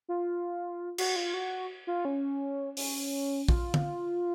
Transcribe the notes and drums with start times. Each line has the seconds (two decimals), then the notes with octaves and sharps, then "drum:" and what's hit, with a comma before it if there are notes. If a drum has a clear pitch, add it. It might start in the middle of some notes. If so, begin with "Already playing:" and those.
0.09 F4
0.98 F#4, drum: cymbal
1.16 F4
1.34 F#4
1.87 F4
2.05 C#4
2.77 C#4, drum: open hi-hat
3.48 F4, drum: kick A#1
3.74 drum: tom D3